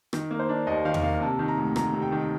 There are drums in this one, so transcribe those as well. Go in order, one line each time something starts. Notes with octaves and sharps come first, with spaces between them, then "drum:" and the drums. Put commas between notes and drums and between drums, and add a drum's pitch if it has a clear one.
D#3, drum: rim click
A#3
C5
D4
D#2 D#5
D#3 F5
drum: tom E2
A#3 F5
C3 A5
D#3
A#5
D2
D2 A#5, drum: rim click
C3
G5
D#3